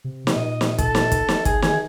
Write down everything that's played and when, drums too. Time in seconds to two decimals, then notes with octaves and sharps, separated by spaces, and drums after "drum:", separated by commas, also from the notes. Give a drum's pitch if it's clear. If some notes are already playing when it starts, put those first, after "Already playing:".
0.04 C3
0.27 drum: snare
0.36 A#2 D#5
0.61 drum: snare
0.78 A4, drum: kick, hi-hat
0.95 drum: snare
1.12 drum: kick, hi-hat
1.29 drum: snare
1.45 G#1 G#4, drum: kick, hi-hat
1.62 D#3 G#4, drum: snare